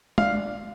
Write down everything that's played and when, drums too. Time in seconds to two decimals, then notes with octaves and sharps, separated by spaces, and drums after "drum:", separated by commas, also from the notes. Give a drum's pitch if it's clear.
0.18 D4 F5, drum: tom